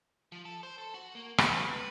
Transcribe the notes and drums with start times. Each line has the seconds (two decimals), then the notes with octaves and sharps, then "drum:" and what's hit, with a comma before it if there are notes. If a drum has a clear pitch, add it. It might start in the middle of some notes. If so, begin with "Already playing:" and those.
0.32 F3
0.45 A4
0.63 C5
0.78 A4
0.94 F#4
1.15 A#3
1.38 B4, drum: rim click
1.74 B4